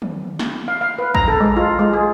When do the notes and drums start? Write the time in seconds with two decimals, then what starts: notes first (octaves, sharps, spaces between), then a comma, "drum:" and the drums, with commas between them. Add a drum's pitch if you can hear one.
0.02 drum: tom
0.39 drum: snare
0.68 F5
0.81 F5
0.99 B4
1.15 A#5, drum: kick
1.28 A4
1.40 G#3
1.57 F4
1.79 G#3
1.93 G#4